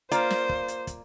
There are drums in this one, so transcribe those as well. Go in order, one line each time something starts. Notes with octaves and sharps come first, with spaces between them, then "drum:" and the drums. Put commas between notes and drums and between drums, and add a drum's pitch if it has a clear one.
A#3 F4 C5 D5, drum: hi-hat
drum: snare
drum: kick
drum: hi-hat
drum: kick, hi-hat